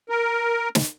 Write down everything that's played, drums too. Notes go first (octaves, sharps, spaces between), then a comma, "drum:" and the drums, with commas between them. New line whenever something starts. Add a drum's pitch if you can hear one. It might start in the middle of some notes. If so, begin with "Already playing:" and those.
A#4
drum: snare